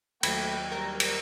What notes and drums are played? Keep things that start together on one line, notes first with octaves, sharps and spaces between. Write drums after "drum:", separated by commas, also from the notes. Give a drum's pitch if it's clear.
D#2 F#3 A3 G5 B5 G#6 A#6, drum: cymbal
G3 A#4
drum: cymbal